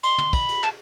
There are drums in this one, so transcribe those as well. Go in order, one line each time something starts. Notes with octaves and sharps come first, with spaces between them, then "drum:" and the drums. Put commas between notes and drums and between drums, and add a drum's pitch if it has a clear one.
C6, drum: cymbal
drum: tom
B5, drum: kick, cymbal
drum: cymbal
A5, drum: clap